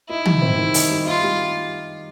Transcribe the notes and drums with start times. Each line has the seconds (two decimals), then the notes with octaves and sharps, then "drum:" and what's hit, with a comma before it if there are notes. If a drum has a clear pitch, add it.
0.09 D#4 E4
0.25 G3, drum: tom
0.42 C4
0.58 D#3
0.74 D#4, drum: open hi-hat
0.90 G3
1.06 D#4 F4
1.23 G3